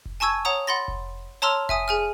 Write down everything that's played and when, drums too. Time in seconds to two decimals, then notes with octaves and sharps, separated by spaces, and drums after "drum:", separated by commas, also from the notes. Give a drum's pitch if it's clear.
0.05 drum: kick F1
0.20 G#5 A5 C#6 E6 G#6
0.45 C#5 F#5 A#5 D#6
0.67 F#5 B5 C6 A6 A#6
0.88 drum: kick F1
1.42 C#5 A5 A#5 C6 E6 F6
1.69 E5 G#5 D#6, drum: kick F1
1.88 G#4 G#5 F6